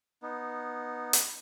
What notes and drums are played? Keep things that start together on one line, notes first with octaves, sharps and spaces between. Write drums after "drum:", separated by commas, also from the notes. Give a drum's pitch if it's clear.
B3 D#4
drum: hi-hat